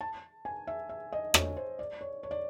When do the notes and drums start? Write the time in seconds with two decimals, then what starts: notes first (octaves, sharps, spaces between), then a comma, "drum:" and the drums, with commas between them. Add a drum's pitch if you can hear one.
0.01 A5
0.45 G#5
0.67 E5
0.89 E5
1.12 D#5
1.34 C#5, drum: rim click
1.57 C5
1.79 D5
2.01 C#5
2.23 C#5
2.31 D5